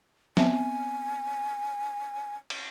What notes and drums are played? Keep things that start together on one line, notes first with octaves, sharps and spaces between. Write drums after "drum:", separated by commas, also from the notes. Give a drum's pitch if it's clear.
B3 C4 E5 G#5, drum: snare F3
drum: cymbal